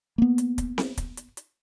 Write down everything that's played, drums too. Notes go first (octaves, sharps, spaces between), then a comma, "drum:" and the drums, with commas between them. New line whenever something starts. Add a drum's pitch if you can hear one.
A#3 B3
drum: hi-hat
drum: kick, hi-hat
drum: snare C4
drum: kick, hi-hat
drum: hi-hat
drum: hi-hat